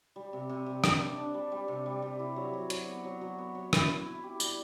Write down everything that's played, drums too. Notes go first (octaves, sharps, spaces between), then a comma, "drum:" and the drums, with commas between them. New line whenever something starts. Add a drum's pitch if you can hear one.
G3
C3
C3
C3
C3, drum: rim click
D4
D4
G3
G3
C3
G3
C3
E4
F#3
F#3
F#3, drum: hi-hat
B3
F#3
F#3
B3
F#3
E4, drum: rim click
E4
E4
G4
G3, drum: tambourine